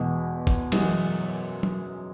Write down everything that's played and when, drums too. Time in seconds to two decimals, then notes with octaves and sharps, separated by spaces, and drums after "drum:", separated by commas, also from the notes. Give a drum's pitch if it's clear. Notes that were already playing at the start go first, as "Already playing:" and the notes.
Already playing: E2 B2 G#3
0.47 drum: kick
0.72 F#2 E3 G#3, drum: cymbal
1.63 drum: tom